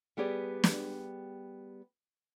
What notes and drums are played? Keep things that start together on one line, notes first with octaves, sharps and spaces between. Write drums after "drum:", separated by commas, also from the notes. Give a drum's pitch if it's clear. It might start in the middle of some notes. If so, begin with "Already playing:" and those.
G3 B3 G4 G#4 D5
drum: snare